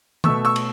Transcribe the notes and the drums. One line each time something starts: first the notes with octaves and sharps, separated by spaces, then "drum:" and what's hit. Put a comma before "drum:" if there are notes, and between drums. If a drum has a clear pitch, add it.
B2 A3 C#6 E6, drum: tom
C#6 E6
drum: cymbal